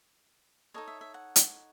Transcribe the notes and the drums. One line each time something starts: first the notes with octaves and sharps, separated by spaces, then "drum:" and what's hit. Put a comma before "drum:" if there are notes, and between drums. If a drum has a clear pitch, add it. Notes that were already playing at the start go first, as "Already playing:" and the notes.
D#4 A4 C#5 D#5
E5
E5
F#5
drum: hi-hat